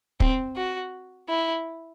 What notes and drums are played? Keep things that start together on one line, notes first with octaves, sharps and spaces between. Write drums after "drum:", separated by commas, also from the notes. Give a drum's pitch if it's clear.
C4, drum: kick
F#4
E4